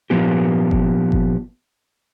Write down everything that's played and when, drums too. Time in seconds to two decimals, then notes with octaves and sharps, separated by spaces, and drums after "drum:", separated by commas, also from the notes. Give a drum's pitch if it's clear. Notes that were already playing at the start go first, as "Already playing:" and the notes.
0.10 A#2 F3 B3 G4
0.71 drum: kick G1
1.12 drum: kick G1